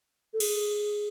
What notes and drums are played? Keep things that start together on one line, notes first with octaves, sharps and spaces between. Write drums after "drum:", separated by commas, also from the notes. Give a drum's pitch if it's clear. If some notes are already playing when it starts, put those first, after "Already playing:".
A4
G#4, drum: cymbal